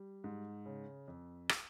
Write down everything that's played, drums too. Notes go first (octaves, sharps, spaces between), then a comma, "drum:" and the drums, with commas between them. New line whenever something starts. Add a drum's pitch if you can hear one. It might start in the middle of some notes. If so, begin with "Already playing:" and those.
Already playing: G3
G#2
C#3
F2
drum: rim click